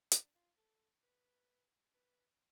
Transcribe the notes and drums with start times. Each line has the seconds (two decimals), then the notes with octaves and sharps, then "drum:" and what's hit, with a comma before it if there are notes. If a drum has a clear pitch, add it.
0.12 D4, drum: hi-hat
0.35 F4
0.57 A4
1.03 B4
1.94 B4